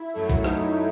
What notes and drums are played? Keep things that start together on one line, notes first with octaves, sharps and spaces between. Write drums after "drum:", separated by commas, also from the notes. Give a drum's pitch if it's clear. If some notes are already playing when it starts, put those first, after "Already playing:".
Already playing: E4
F#2 F#3 A3
drum: kick
D#4, drum: rim click